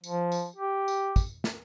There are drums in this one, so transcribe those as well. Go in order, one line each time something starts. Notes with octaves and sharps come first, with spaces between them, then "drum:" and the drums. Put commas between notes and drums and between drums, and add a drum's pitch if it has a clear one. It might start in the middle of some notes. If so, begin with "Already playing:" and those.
F3, drum: tambourine
drum: tambourine
G4
drum: tambourine
drum: kick, tambourine
drum: snare